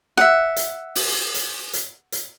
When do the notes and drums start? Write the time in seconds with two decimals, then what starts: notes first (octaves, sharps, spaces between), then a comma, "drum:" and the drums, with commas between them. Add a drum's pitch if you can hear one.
0.17 E5 F#5, drum: snare
0.56 drum: hi-hat
0.95 drum: open hi-hat
1.34 drum: hi-hat
1.73 drum: hi-hat
2.12 drum: hi-hat